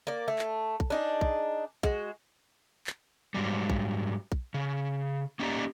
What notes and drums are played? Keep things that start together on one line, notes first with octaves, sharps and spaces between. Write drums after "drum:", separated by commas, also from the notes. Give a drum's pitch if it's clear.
A#3 D5
A3
drum: clap
drum: kick
D4 D#4 G#4
drum: kick
G#3 F#4, drum: kick
drum: clap
G#2 B2 F#3 G3
drum: kick
drum: kick
C#3
A#3 C#4 D#4 G4 D5 A#5